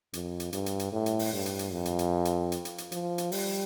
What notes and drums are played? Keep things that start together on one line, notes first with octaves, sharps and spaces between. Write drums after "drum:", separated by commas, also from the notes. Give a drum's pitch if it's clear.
F2, drum: hi-hat
drum: hi-hat
G2, drum: hi-hat
drum: hi-hat
drum: hi-hat
A2
drum: hi-hat
drum: open hi-hat
G2
drum: hi-hat
drum: hi-hat
F2
drum: hi-hat
drum: hi-hat
drum: hi-hat
drum: hi-hat
drum: hi-hat
drum: hi-hat
F3, drum: hi-hat
drum: hi-hat
G3, drum: open hi-hat